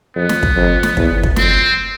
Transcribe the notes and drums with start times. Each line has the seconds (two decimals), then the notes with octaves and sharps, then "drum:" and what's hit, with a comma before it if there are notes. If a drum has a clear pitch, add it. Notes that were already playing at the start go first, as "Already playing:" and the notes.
0.16 F2 B3
0.29 drum: snare
0.43 drum: kick
0.56 F2
0.83 drum: snare
0.97 E2, drum: kick
1.23 drum: kick
1.36 F2 C4, drum: snare